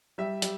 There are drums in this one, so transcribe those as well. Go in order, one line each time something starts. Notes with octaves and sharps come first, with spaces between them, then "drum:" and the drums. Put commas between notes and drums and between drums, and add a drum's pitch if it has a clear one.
G3 E5
G3, drum: hi-hat